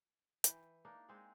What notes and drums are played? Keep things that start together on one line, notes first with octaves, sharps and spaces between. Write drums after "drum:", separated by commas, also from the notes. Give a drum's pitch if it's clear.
E3 G5, drum: hi-hat
A#3 D4 D#4
G#3 C4 D#4 G#4